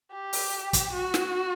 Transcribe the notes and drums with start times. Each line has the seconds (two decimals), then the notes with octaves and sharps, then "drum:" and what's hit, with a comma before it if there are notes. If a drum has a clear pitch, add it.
0.12 G4
0.33 drum: open hi-hat
0.73 drum: kick, hi-hat
0.93 F#4
1.14 drum: snare